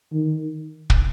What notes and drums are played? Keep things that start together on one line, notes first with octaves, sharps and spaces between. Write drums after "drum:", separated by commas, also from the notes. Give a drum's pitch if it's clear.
D#3
drum: kick